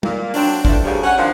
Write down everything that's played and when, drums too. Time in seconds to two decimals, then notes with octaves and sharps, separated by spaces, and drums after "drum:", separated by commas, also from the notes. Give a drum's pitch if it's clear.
0.03 A#2 A#3, drum: tom G3
0.34 F#3 C4 D4, drum: open hi-hat
0.65 E3 F3 A3 C4 D4, drum: kick
0.84 D2 G2 C#3 F3 G3
1.04 C#4 F#5
1.17 C3 D#3 F3 F#3 A#3 D4